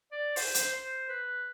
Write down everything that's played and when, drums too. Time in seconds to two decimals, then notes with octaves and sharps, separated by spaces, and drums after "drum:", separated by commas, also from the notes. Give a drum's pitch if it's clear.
0.12 D5
0.36 C5, drum: open hi-hat
0.55 drum: hi-hat
0.73 C5
1.09 B4